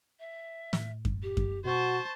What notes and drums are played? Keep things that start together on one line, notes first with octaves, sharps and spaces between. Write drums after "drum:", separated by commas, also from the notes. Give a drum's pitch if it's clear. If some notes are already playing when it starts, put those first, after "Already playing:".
E5
A2, drum: snare
drum: kick F#2
G4
drum: kick F#2
B2 F#4 C5 A5 C#6